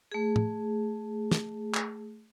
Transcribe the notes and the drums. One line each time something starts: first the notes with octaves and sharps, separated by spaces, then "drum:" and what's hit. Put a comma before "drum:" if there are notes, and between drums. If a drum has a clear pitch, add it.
A3 G#4
drum: tom
drum: snare
drum: clap